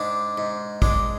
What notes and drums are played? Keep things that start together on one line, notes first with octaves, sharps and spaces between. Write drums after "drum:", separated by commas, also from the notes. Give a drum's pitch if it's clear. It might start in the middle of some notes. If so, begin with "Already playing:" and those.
Already playing: G#2 D4
G#2
G#3 D4, drum: kick